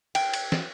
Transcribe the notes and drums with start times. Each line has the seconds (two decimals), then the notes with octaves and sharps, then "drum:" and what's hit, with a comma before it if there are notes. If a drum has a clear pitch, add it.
0.15 G5, drum: cymbal
0.34 drum: cymbal
0.52 drum: snare